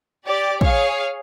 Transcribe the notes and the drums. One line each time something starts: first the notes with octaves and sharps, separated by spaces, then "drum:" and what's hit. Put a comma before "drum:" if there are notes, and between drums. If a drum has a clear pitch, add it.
G4 D5
G#4 C#5 F5, drum: kick